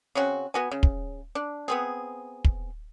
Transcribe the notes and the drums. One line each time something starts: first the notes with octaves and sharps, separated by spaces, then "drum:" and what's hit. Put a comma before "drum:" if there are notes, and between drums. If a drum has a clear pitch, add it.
C#3 C4 C#4 F#4
B3 F#4 G#5
C#3
drum: kick
D4
B3 C4 G#4
drum: kick